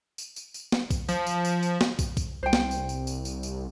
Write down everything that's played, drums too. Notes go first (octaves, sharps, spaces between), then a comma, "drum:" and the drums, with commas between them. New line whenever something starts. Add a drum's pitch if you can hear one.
drum: tambourine
drum: tambourine
drum: tambourine
drum: snare
drum: kick, tambourine
F3, drum: tambourine
drum: tambourine
drum: tambourine
drum: tambourine
drum: snare
drum: kick, tambourine
drum: kick, tambourine
C2 C5 G5
drum: snare
drum: tambourine
drum: tambourine
drum: tambourine
drum: tambourine
drum: tambourine